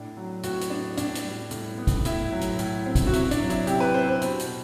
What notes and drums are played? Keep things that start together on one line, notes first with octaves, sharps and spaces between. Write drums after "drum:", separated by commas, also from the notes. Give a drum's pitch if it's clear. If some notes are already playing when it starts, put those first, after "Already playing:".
Already playing: A2 D4
F#3
A2 F#4, drum: hi-hat
drum: hi-hat
B3 D4
A2 D4, drum: hi-hat
drum: hi-hat
G3
A2, drum: hi-hat
B3
drum: kick, hi-hat
A2 E4, drum: hi-hat
F#3
drum: hi-hat
A2, drum: hi-hat
C4
drum: kick, hi-hat
F#4
C3 E4, drum: hi-hat
D4, drum: hi-hat
F#3
E4, drum: hi-hat
C3 G4, drum: hi-hat
B4
C4 C5
C5
B2, drum: hi-hat
drum: hi-hat